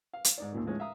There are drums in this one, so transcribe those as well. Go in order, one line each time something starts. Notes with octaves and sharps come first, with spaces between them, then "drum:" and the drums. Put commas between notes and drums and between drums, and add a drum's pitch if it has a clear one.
F5
drum: hi-hat
G#2 D#4 D5
D#2 A#2 D#3
A2 F3 G#3 C#4
E5 F5 A#5 D#6